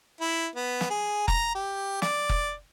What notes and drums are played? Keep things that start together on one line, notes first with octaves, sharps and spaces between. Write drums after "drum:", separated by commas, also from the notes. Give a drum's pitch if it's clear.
E4
B3
drum: snare
G#4
A#5, drum: kick F1
G4
D5, drum: snare
drum: kick F1